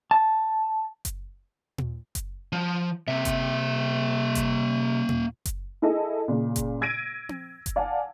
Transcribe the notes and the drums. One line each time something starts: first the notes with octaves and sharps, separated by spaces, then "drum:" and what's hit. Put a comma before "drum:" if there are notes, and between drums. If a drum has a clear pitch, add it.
A5
drum: kick F#1, hi-hat
drum: tom A#2
drum: kick F#1, hi-hat
F3
C3 A#3 E5
drum: kick F#1, hi-hat
drum: kick F#1, hi-hat
drum: tom A#2
drum: kick F#1, hi-hat
E4 G#4 A4 D#5
A#2 C#3
drum: kick F#1, hi-hat
E6 G#6 A#6 D7 D#7
drum: tom C4
drum: kick F#1, hi-hat
D5 F5 F#5 G#5 A5